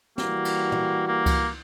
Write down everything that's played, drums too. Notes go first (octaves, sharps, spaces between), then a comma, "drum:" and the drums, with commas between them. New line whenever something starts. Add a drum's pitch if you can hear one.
E3 G3 A#3 F#4, drum: snare
drum: cymbal
drum: tom
A#3
drum: kick C#2, cymbal